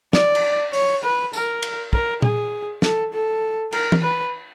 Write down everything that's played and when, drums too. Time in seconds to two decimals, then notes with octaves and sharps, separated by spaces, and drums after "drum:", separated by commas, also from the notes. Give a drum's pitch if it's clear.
0.13 D5, drum: snare
0.35 drum: cymbal
0.73 C#5, drum: open hi-hat
1.03 B4
1.33 A#4, drum: tambourine
1.62 drum: cymbal
1.93 A#4, drum: kick
2.22 G#4, drum: tom A#2
2.82 A4, drum: snare
3.13 A4
3.72 A#4, drum: cymbal
3.92 drum: tom E3
4.02 B4